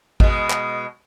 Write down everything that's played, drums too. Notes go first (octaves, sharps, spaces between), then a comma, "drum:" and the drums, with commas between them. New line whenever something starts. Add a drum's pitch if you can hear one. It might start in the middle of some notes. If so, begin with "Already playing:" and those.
B2 G#3, drum: kick G#1
drum: clap